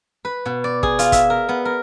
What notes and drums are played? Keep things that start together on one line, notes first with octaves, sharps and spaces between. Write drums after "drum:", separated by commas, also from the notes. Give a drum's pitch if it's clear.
B4
B2
D5
G#4, drum: kick
F4, drum: hi-hat
E5, drum: kick, hi-hat
A#4
B3
A#4